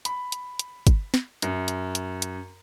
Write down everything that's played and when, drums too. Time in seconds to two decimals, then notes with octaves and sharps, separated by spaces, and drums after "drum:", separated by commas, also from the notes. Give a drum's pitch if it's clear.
0.05 B5, drum: hi-hat
0.32 drum: hi-hat
0.59 drum: hi-hat
0.87 drum: kick, hi-hat
1.14 drum: snare
1.42 F#2, drum: hi-hat
1.68 drum: hi-hat
1.95 drum: hi-hat
2.22 drum: hi-hat